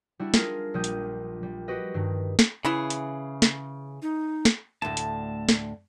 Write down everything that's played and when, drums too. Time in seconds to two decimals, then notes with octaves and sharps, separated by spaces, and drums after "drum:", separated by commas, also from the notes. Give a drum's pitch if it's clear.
0.19 G3 D4 E4 F#4
0.34 F4 G#4 A#4, drum: snare
0.74 A#1 G3 D#6 G6
0.84 drum: hi-hat
1.43 G3
1.68 F#4 G4 B4 D#5
1.94 G2 D#3
2.39 drum: snare
2.65 C#3 E3 E4 G#4
2.90 drum: hi-hat
3.42 drum: snare
4.02 D#4
4.45 drum: snare
4.82 D2 A2 A5
4.97 drum: hi-hat
5.49 drum: snare